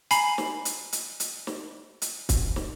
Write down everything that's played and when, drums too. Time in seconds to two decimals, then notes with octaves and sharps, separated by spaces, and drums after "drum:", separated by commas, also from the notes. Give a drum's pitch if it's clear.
0.11 G#5 A#5 B5 C7, drum: hi-hat
0.38 drum: snare
0.65 drum: hi-hat
0.93 drum: hi-hat
1.20 drum: hi-hat
1.47 drum: snare
2.02 drum: hi-hat
2.29 drum: kick, hi-hat
2.56 drum: snare